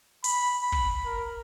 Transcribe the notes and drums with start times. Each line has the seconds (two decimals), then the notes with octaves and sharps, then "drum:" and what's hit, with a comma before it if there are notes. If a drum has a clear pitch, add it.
0.24 B5, drum: hi-hat
0.62 B5
0.72 drum: kick
1.05 A#4